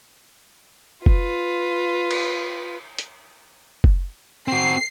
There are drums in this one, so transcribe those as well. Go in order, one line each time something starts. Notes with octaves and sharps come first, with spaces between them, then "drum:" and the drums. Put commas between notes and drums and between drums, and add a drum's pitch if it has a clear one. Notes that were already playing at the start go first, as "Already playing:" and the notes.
F4 B4, drum: kick F#1
drum: cymbal
drum: hi-hat
drum: kick F#1
C4 F#4 C7